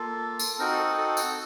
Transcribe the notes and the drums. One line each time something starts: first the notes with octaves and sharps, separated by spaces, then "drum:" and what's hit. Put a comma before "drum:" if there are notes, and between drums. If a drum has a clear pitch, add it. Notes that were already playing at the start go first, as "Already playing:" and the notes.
Already playing: A#3 F4 A4
drum: tambourine
C4 D#4 F#4 A#4
A4
A4
A4
drum: tambourine